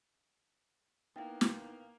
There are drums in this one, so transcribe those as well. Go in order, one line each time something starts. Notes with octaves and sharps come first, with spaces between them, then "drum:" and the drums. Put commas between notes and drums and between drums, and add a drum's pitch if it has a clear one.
A#3 B3 D#4 E4 G5
drum: snare